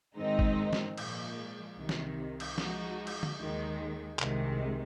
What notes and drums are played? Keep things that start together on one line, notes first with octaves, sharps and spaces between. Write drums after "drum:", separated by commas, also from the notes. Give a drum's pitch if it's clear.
G#2 D#3 G#3 C4 D#4
drum: kick
drum: snare
A#2 F3 G#3, drum: cymbal
C2 C3 D#3
drum: snare
drum: cymbal
F3 G#3 D#4 F#4, drum: snare
drum: cymbal
drum: tom D3
D#2 D#3 G#3
C2 C3 D#3 G#3, drum: clap